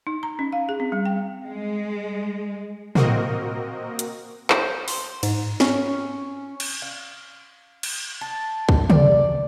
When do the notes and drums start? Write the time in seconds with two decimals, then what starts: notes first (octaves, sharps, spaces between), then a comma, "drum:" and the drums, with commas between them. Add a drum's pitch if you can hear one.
0.07 D#4
0.23 A#5
0.39 C#4
0.52 F5
0.69 G#4
0.80 C4
0.92 G3
1.06 G5
1.46 G#3
2.95 A#3 C4 F#4 A#4 D#5, drum: tom
3.99 drum: hi-hat
4.50 C5, drum: clap
4.88 C6, drum: open hi-hat
5.23 G#2, drum: cymbal
5.60 C#4, drum: snare
6.60 drum: cymbal
6.82 F5
7.83 drum: cymbal
8.21 A5
8.69 drum: kick
8.90 D5, drum: tom